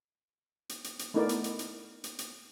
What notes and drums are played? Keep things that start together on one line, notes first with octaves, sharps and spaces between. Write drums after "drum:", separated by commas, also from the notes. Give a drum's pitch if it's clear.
drum: hi-hat
drum: hi-hat
drum: hi-hat
A3 B3 D#4 E4 A#4 D5
drum: hi-hat
drum: hi-hat
drum: hi-hat
drum: hi-hat
drum: hi-hat